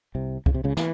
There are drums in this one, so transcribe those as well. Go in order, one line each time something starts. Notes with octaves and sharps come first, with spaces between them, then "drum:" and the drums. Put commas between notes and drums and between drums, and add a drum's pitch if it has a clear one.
C2 C3
C#3, drum: kick C2
C3
C#2 C#3
E3, drum: snare